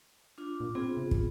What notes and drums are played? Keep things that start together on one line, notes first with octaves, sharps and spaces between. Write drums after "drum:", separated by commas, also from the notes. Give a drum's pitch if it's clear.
D4 F4 D6
A#2
B3 C4 F4 G#4
C3
drum: kick